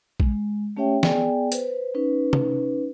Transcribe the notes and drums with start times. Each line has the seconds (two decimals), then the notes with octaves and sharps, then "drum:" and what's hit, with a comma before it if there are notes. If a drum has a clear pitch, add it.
0.20 G#3, drum: kick A#1
0.77 A3 C#4 G4 C#5 E5 G5
1.03 B3 G#4 D5 G5 G#5, drum: snare
1.52 B4 C5, drum: hi-hat
1.94 C#4 D#4 B4
2.33 drum: tom